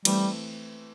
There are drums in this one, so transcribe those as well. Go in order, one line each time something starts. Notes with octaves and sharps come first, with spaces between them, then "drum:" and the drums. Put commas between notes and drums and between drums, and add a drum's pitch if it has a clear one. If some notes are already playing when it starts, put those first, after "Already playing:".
E3 G3 A3 C4, drum: cymbal